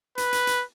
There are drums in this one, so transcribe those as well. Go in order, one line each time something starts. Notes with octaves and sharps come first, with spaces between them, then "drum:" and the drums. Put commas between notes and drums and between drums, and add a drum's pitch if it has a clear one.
B4, drum: hi-hat
drum: hi-hat
drum: hi-hat